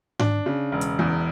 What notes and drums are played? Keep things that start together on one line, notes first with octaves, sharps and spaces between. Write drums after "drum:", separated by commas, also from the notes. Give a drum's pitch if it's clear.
D4, drum: tom G#2
C#3
E1
drum: hi-hat
E2